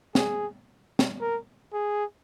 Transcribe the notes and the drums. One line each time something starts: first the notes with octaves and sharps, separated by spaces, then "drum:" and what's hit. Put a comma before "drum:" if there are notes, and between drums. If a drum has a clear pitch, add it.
G#4, drum: snare
drum: snare
A#4
G#4